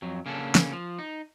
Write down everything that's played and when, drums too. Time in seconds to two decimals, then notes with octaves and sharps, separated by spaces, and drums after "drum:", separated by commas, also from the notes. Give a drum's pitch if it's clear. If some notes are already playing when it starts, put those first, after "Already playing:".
0.02 F2 F#3
0.26 C#3 A#3 C#4 D4 A4
0.55 drum: snare
0.73 F3
0.99 D#4